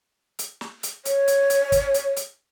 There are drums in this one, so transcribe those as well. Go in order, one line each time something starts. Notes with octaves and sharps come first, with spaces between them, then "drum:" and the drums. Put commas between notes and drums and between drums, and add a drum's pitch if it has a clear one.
drum: hi-hat
drum: snare
drum: hi-hat
C#5, drum: hi-hat
drum: hi-hat
drum: hi-hat
drum: kick, hi-hat
drum: hi-hat
drum: hi-hat